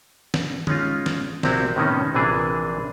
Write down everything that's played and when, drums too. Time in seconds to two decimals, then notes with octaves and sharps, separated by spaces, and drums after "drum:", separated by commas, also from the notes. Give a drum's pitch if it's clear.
0.34 drum: snare
0.67 G#3 C#4 D#4 F4, drum: tom
1.06 drum: snare
1.43 A#1 C3 C4 E4 F#4, drum: snare
1.76 A2 C3 D#3 B3 C#4 D#4
2.15 A#1 C3 E3 D4 G#4